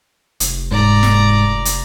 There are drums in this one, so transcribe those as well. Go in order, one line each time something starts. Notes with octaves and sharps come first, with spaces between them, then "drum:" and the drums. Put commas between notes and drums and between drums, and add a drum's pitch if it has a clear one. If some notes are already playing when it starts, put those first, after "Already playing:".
F1, drum: hi-hat
G#2 D5 A#5
drum: snare
drum: hi-hat